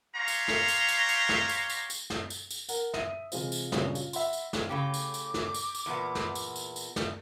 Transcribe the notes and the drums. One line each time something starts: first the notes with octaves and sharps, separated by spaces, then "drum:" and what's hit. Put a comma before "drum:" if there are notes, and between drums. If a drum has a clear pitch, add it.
F#4 G4 C#5 F5 A#5 C6
drum: tambourine
drum: snare
drum: tambourine
drum: tambourine
drum: tambourine
drum: snare
drum: tambourine
drum: tambourine
drum: tambourine
drum: snare
drum: tambourine
drum: tambourine
A#4 F#5, drum: tambourine
E5 D#6 D#7, drum: snare
C3 E3 G#3 F4 C5, drum: tambourine
drum: tambourine
A#2 C#3 G3 G#3 C#4 D4, drum: snare
F4, drum: tambourine
E5 F#5 B5 C6, drum: tambourine
drum: tambourine
drum: snare
A2 C#3 G4 D6
drum: tambourine
drum: tambourine
drum: snare
drum: tambourine
drum: tambourine
E2 A#2 B3
drum: snare
drum: tambourine
drum: tambourine
drum: tambourine
drum: snare